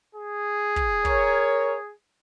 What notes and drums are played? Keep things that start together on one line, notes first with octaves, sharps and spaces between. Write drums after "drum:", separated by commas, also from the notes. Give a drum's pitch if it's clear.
G#4
drum: kick
A#4 C#5, drum: kick